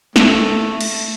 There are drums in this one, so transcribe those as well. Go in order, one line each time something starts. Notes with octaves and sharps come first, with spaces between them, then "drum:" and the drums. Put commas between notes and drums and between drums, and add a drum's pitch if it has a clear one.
A3, drum: snare
drum: cymbal